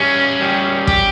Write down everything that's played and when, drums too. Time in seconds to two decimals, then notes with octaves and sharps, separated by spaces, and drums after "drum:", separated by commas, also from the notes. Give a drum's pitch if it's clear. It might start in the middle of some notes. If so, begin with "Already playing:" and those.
Already playing: G3 C#4
0.41 G3
0.87 G4, drum: kick